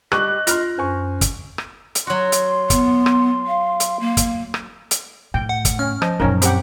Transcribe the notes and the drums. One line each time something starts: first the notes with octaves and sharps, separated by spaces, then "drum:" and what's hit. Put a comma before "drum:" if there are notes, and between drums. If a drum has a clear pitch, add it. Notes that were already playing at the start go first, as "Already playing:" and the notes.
G3 D#5 C#6 D6 F#6, drum: rim click
F4 C6 F6 A#6, drum: hi-hat
F#2 C5 G#5 C#6
drum: kick, hi-hat
drum: rim click
drum: hi-hat
F#3 F#4 C6
drum: hi-hat
B3, drum: kick, hi-hat
drum: rim click
F5
drum: hi-hat
A#3
drum: kick, hi-hat
drum: rim click
drum: hi-hat
A2 G5
F#5
drum: kick, hi-hat
C#4 F6
F3 D#5, drum: rim click
F#2 A#2 C#4 D#4 A#4
C4 G4 F#5, drum: hi-hat